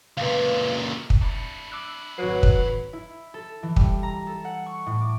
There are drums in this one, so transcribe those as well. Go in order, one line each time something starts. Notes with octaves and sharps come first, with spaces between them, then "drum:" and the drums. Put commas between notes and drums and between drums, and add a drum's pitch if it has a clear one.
C#2 A#2 B4 F5
drum: kick
D4 E4
D6 E6 F#6
G#1 F#3 B4 C#5 C7
drum: kick
E4
A4
E3
G3, drum: kick
A#5
A4
F#5
C#6
A2
D6